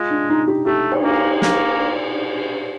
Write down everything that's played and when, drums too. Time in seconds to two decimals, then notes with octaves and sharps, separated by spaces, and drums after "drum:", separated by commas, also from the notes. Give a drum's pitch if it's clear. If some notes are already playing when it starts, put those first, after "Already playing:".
Already playing: G#3 F4
0.10 D4
0.30 D#4
0.47 G4
0.66 A3 G4
0.92 drum: cymbal
1.04 A#3
1.42 A#3, drum: snare